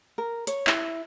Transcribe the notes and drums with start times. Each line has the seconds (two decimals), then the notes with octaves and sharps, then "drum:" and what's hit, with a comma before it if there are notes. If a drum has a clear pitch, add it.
0.18 A#4
0.47 C#5, drum: hi-hat
0.67 E4, drum: clap